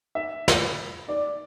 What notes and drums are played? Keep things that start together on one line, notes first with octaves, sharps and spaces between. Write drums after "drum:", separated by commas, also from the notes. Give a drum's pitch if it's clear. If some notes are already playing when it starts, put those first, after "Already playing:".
E5
drum: snare
D5